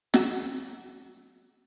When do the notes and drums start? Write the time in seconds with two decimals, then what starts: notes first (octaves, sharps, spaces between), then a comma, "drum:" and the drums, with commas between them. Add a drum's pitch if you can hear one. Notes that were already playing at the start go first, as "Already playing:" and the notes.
0.14 F#3 F#4, drum: snare